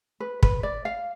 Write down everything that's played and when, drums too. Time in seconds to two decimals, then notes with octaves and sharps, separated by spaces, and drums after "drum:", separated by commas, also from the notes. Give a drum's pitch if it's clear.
0.20 B4
0.43 B4, drum: kick
0.63 D5
0.85 F5